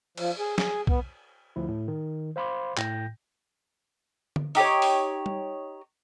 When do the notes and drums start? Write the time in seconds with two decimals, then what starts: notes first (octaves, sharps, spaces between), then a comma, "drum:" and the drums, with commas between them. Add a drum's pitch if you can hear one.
0.17 F3, drum: cymbal
0.39 G#4
0.58 G#4, drum: snare
0.87 B3, drum: kick
1.56 D2 F3 E4
1.68 A2
1.88 D#3
2.36 C5 F5 B5 C6 D6
2.77 A2 G5 G6 A#6, drum: clap
4.36 drum: tom D3
4.55 D#4 G4 A4 C#5, drum: open hi-hat
4.82 drum: open hi-hat
5.26 drum: tom G3